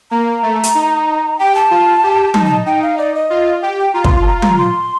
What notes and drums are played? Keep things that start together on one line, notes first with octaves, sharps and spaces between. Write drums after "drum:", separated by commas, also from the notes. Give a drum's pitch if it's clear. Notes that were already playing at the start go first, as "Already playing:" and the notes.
A#3 A#5
A3
drum: hi-hat
D#4
G4 G5
A5
F4
G4
D#4 A5, drum: tom F#3
A5
D#4 G5
F5
D5
D#5
F4
G4 G5
G5
F4 A#5
C6, drum: kick
C6
A5
A#5
A#5, drum: tom F#3
C6